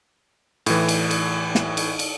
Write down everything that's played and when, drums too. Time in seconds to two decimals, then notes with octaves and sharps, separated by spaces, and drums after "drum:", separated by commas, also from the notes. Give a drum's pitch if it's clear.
0.66 A2 E3, drum: cymbal
0.89 drum: cymbal
1.11 drum: cymbal
1.55 drum: snare
1.77 drum: cymbal
1.99 drum: cymbal